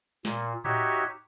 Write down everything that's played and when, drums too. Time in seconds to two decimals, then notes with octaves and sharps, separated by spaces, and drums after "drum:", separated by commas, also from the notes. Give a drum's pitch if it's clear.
0.25 A#2, drum: snare
0.65 D#4 F#4 G4 C#5 E5, drum: tom A2